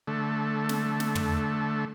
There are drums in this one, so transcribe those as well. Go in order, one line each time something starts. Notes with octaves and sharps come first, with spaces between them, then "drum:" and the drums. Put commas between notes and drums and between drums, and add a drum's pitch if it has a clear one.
D3 A3
drum: snare
drum: snare
drum: tom